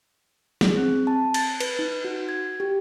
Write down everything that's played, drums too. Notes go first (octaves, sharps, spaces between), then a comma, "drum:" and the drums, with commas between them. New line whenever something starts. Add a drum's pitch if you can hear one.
G#4, drum: snare
C4
A5
A6, drum: cymbal
B4, drum: cymbal
D#4
F#4
G#6
G4